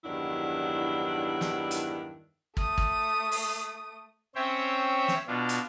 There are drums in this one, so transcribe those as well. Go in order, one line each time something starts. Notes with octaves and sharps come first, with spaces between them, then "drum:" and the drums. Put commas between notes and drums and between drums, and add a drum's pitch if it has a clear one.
E2 G2 D#3 F#3 D4 E4
drum: snare
drum: hi-hat
A3 D#6, drum: kick
drum: kick
drum: open hi-hat
C4 C#4 C5 C#5 E5 G5
drum: snare
B2 D4 F4
drum: hi-hat